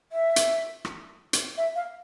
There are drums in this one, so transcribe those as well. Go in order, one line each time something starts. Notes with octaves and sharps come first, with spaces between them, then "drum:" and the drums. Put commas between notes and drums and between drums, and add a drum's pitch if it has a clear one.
E5
drum: hi-hat
drum: rim click
drum: hi-hat
E5
F5